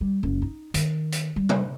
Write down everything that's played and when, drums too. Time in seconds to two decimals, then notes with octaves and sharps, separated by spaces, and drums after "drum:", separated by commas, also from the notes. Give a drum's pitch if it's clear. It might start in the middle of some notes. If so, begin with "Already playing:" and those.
0.01 G3
0.23 F#1
0.42 D#4
0.74 D#3, drum: hi-hat
1.12 drum: hi-hat
1.36 G3
1.49 drum: tom C3